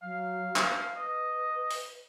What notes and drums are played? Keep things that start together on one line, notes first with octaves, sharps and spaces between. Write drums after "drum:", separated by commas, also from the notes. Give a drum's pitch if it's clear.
F#3 F5
drum: clap
B4 D#5
drum: open hi-hat